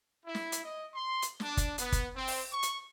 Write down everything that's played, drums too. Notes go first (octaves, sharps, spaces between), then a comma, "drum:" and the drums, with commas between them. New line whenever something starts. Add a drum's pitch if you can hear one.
E4
drum: snare
drum: hi-hat
D#5
C6
drum: hi-hat
D4, drum: snare
drum: kick, hi-hat
B3, drum: hi-hat
drum: kick, hi-hat
C4
drum: open hi-hat
C#6
drum: hi-hat